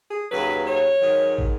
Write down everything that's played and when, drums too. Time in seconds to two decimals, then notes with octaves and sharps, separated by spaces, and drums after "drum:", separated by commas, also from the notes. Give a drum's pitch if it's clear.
0.09 G#4
0.31 D#2 C#3 F#3 B4
0.66 C#5
1.00 G#2 D#3 F#3
1.38 drum: kick